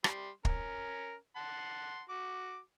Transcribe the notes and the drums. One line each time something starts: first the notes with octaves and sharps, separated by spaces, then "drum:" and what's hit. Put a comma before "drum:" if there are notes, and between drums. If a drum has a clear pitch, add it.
G3 C6, drum: rim click
C#4 A#4, drum: kick
F#5 A5 C6
F#4 D6